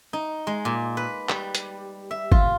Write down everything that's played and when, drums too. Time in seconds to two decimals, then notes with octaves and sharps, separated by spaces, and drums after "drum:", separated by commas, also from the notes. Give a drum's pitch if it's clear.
0.13 D#4
0.47 G#3
0.65 A#2
0.97 B4
1.29 G3, drum: clap
1.55 drum: hi-hat
2.11 E5
2.32 F4, drum: kick G1